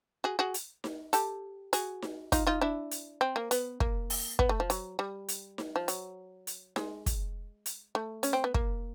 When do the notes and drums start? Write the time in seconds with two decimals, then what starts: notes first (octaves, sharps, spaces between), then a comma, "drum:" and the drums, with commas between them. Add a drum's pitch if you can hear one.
0.24 F#4 G#4
0.39 F#4 G#4
0.54 drum: hi-hat
0.84 drum: snare D#4
1.13 G4 A4, drum: hi-hat
1.73 F#4 G#4, drum: hi-hat
2.02 drum: snare D#4
2.32 D#4 F4, drum: kick, hi-hat
2.47 D#4 F4
2.61 D4 E4
2.91 drum: hi-hat
3.21 C4
3.36 A#3
3.51 B3, drum: hi-hat
3.80 A#3, drum: kick
4.10 drum: open hi-hat
4.39 B3, drum: kick
4.49 A3
4.60 F3
4.70 F#3, drum: hi-hat
4.99 G3
5.28 drum: hi-hat
5.58 drum: snare D#4
5.76 F3
5.88 F#3, drum: hi-hat
6.47 drum: hi-hat
6.76 G#3, drum: snare D#4
7.06 drum: kick, hi-hat
7.66 drum: hi-hat
7.95 A3
8.23 C#4, drum: hi-hat
8.33 C4
8.44 B3
8.54 A#3, drum: kick